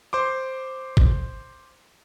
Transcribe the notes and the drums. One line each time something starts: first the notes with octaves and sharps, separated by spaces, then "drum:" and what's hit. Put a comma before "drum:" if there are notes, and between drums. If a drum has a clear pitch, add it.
C5 C6 D6
drum: kick